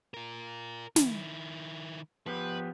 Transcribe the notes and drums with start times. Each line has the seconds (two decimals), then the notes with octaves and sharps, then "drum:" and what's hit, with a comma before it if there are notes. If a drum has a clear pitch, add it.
0.14 F4 A#4
0.96 D#3 E4, drum: snare
2.26 F3 B3 G4 B4